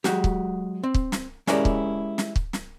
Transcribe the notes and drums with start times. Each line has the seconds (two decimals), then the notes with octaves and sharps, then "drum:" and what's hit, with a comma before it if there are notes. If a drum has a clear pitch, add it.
0.04 F#3 G#3 F#4 G4, drum: snare
0.24 drum: kick
0.83 C4
0.94 drum: kick
1.12 drum: snare
1.47 G#3 C#4 E4 G4 A#4 D5, drum: snare
1.65 drum: kick
2.18 drum: snare
2.36 drum: kick
2.53 drum: snare